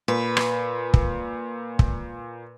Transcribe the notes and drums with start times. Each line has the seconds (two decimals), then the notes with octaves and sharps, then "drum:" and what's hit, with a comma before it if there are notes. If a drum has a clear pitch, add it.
0.08 A#2 B4
0.37 drum: rim click
0.94 drum: kick
1.79 drum: kick